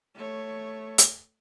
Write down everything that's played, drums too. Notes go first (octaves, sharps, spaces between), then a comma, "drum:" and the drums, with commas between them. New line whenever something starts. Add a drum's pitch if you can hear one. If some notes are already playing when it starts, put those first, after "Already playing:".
A3 C#5
drum: hi-hat